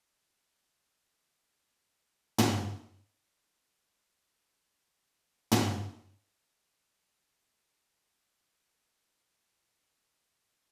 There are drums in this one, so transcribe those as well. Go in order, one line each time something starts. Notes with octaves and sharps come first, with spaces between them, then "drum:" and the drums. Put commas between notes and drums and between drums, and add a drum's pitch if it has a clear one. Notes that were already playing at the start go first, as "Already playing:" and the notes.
E2 B3 A6
A1 D#2 A2 B4 F6 C#7
D#5 A5
D4
drum: tom
A#2 G#4 A4
drum: tom
G#4 E5
F#3 D#4 C#6 F6
C#2 D#6
C5 E5
F2
F#5
E4 F4
A#4 G5